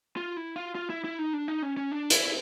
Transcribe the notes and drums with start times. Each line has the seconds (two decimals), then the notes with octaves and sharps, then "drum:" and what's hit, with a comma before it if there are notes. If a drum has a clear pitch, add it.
0.17 F4
0.37 E4
0.56 F4
0.75 F4
0.90 E4
1.04 E4
1.19 D#4
1.33 D4
1.48 D#4
1.62 C#4
1.77 C#4
1.91 D4
2.10 E4, drum: hi-hat